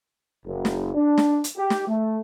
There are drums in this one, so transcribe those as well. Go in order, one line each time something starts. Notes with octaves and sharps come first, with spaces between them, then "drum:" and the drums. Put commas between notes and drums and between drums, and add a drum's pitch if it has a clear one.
F#1
drum: snare
D4
drum: snare
drum: hi-hat
G4
drum: snare
A3